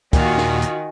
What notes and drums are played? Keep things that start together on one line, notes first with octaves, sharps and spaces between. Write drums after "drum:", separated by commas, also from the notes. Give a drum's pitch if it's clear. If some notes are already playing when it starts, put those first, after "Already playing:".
D#2 A#2 D#3 F4 F#4 G#5, drum: kick, hi-hat
drum: snare
drum: hi-hat